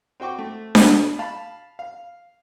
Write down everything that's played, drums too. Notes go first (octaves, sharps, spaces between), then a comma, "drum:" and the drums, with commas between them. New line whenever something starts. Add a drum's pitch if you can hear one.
C4 F#4 G5 C#6 D6
A3
B2, drum: snare D4
F5 A5 B5
F5